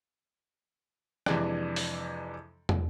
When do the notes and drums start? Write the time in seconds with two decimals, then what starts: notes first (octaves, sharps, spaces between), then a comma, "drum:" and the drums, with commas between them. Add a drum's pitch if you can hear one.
1.26 F2 C3 E3 G#3 D4, drum: rim click
1.76 drum: open hi-hat
2.69 drum: tom